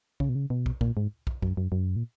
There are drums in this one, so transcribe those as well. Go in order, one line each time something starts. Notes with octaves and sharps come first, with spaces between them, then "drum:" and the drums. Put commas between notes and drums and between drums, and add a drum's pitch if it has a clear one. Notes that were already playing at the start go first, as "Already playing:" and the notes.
C#3, drum: kick
B2
C#3
B2
drum: kick
A#2, drum: kick
G#2
drum: kick
F#2, drum: kick
F#2
F#2
A#2